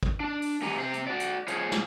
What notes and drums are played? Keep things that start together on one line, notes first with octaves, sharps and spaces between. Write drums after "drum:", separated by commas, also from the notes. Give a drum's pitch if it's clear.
drum: kick
D4
drum: open hi-hat
A2 D#3 E3 G4 G#5 A#5
C3 C5
drum: hi-hat
F#4 D5
drum: hi-hat
F4 G#4 C5 C#5, drum: hi-hat
drum: snare